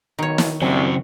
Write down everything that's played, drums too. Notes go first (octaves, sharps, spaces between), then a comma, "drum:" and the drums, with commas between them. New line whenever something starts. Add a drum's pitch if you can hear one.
B1 D#3 C#5
drum: snare
C2 C#3 F#3 C4